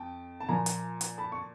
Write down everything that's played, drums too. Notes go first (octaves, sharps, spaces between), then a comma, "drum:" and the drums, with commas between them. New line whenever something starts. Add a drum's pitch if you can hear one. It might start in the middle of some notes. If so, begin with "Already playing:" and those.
Already playing: F2 G5 A5
A5
A#2 F3 A#3 G#5 A#5
drum: hi-hat
drum: hi-hat
A5 B5
C#6